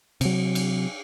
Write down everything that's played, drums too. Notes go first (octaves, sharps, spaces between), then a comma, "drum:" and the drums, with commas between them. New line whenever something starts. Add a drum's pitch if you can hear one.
C3 F#3, drum: cymbal
drum: cymbal